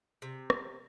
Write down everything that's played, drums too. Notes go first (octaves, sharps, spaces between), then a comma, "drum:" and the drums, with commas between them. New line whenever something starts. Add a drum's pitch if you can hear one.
C3
drum: rim click